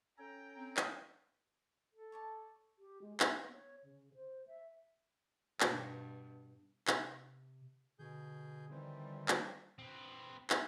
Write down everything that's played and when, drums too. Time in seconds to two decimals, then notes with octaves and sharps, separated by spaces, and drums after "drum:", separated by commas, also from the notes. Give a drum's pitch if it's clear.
0.18 C#4 A4 C#5 G5 A#5
0.56 C4
0.77 drum: clap
1.95 A4
2.12 C#5 D5 A5
2.77 G4
3.01 G#3
3.20 C#4, drum: clap
3.34 B3
3.53 C#5
3.84 C#3
4.14 C5
4.47 E5
5.60 G2 B2, drum: clap
6.87 C3, drum: clap
7.99 B2 D3 G#4 G6
8.70 D#3 E3 G3 C4
9.28 drum: clap
9.79 C4 B4
10.50 drum: clap